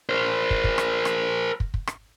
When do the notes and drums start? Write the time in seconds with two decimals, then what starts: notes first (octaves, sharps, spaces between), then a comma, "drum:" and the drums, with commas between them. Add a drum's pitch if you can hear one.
0.09 A#4 C5
0.50 drum: kick
0.64 drum: kick
0.78 drum: rim click
1.05 drum: rim click
1.60 drum: kick
1.74 drum: kick
1.87 drum: rim click